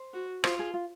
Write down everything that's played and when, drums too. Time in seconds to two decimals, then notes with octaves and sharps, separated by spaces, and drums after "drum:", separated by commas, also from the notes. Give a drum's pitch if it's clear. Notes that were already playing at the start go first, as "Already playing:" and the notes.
Already playing: C5
0.14 F#4
0.44 F4 C5, drum: rim click
0.59 G#4
0.74 F4